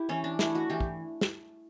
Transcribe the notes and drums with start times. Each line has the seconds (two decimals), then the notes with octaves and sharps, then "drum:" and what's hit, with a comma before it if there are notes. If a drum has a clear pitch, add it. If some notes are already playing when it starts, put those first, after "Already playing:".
Already playing: E4 G4
0.09 E3 C#4
0.24 D4
0.39 A3 E4, drum: snare
0.55 F#4
0.70 E3 G4
0.80 drum: kick
1.21 drum: snare